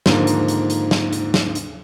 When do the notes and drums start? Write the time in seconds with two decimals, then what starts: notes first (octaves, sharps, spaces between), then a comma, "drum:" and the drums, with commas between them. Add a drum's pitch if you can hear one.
0.06 G#2 D3 D#3 F3 A#3, drum: snare
0.27 drum: hi-hat
0.48 drum: hi-hat
0.70 drum: hi-hat
0.91 drum: snare
1.13 drum: hi-hat
1.34 drum: snare
1.55 drum: hi-hat